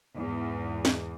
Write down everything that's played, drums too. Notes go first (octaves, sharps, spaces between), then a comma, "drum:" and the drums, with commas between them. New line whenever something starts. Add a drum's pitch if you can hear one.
E2 G#2
drum: snare